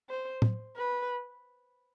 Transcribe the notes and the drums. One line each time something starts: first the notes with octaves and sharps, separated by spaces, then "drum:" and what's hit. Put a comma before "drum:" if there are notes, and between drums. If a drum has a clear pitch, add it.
C5
drum: tom
B4